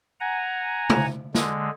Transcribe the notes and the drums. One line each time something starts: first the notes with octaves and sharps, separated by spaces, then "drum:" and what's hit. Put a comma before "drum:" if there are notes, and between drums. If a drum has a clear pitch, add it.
F#5 G#5 A#5
drum: tom
D3 G#3, drum: snare